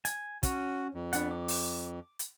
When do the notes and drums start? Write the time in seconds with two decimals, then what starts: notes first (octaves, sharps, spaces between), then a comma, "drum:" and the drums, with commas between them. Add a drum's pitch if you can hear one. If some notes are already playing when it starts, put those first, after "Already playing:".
0.05 G#5, drum: hi-hat
0.43 C#4 F#4, drum: kick, hi-hat
0.94 F2
1.13 B3 D4 F#5, drum: hi-hat
1.31 D6
1.48 drum: open hi-hat
2.19 drum: hi-hat